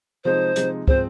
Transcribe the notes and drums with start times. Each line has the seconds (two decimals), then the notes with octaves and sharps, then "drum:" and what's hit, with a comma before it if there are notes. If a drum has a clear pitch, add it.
0.24 C3 F3 G#3 D#4 C5
0.56 C3 F3 G#3 D#4, drum: hi-hat
0.88 F3 G#3 C4 C5, drum: kick